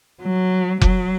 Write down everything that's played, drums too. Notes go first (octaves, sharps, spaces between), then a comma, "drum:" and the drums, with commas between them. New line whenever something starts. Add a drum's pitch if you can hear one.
F#3
F#3, drum: kick F1